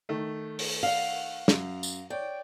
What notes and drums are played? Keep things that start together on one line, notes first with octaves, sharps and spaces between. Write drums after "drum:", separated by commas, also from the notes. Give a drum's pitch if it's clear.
D#3 A3
drum: open hi-hat
F5 F#5
F#2, drum: snare
drum: tambourine
C#5 D5 G5